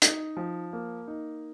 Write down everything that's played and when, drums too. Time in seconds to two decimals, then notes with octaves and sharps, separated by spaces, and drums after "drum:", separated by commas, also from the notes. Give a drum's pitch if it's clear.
0.02 D#4, drum: hi-hat
0.37 F3
0.73 A#3
1.08 D#4